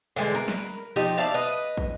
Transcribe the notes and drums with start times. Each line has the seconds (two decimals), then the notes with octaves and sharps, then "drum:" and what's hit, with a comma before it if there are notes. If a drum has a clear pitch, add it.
0.16 D3 E3 F3 G#3
0.34 A#4 B4
0.48 drum: snare
0.96 F3 D#4 G4
1.18 D5 E5 F5 A5
1.34 B4 D#5
1.77 drum: kick